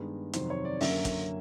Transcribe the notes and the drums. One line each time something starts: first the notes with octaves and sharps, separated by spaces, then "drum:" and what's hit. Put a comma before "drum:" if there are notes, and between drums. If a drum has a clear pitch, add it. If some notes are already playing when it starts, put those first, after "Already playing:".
Already playing: G2 D#3 G#3 B3 D#4
F2 C3 D#3 F#3 C5, drum: hi-hat
C#5
D5
F#2 D3 F#3 A#3 C#4 E5, drum: open hi-hat
drum: kick, hi-hat